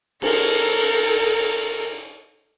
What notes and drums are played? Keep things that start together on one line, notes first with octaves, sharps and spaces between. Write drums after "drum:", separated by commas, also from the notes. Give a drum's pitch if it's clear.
A4 A#4, drum: cymbal
drum: cymbal